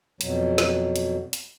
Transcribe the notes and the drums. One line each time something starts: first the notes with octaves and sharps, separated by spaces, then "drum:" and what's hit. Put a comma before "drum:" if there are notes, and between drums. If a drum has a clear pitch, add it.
F2 B2 F#3, drum: hi-hat
drum: snare
drum: hi-hat
drum: hi-hat